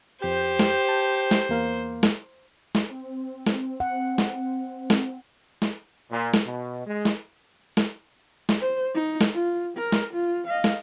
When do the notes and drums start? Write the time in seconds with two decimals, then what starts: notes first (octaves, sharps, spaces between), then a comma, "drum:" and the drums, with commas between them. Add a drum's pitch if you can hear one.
0.22 F2 G4 C5 G6
0.59 drum: snare
0.89 A5
1.31 drum: snare
1.49 E2 A#3 F5
2.03 drum: snare
2.75 drum: snare
2.90 C4
3.47 drum: snare
3.80 F#5
4.18 drum: snare
4.90 drum: snare
5.62 drum: snare
6.11 A#2
6.34 drum: snare
6.46 B2
6.86 G#3
7.05 drum: snare
7.77 drum: snare
8.49 drum: snare
8.60 C5
8.94 D#4
9.21 drum: snare
9.33 F4
9.77 A#4
9.92 drum: snare
10.13 F4
10.47 D#5 F5
10.64 drum: snare